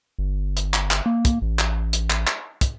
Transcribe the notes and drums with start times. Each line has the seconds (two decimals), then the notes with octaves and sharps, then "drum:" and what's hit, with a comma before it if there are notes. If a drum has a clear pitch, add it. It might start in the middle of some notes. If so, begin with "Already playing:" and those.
0.19 G1
0.57 drum: hi-hat
0.74 drum: clap
0.91 drum: clap
1.06 A#3
1.25 drum: kick, hi-hat
1.42 A1
1.59 drum: clap
1.93 drum: hi-hat
2.10 drum: clap
2.27 drum: clap
2.61 drum: kick, hi-hat